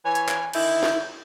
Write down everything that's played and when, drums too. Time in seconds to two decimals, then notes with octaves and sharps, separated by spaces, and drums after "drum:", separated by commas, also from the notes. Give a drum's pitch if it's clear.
0.04 E3 C#5 G#5
0.15 drum: hi-hat
0.28 drum: clap
0.53 D3 D#3 E4 G6, drum: cymbal
0.83 drum: snare